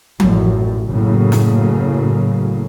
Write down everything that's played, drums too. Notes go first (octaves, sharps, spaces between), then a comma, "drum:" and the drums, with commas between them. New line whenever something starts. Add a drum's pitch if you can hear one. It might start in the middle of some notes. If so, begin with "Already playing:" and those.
A1 F#2 A#2, drum: tom F3
F#1 A2 C#3 F#3 A#3
drum: snare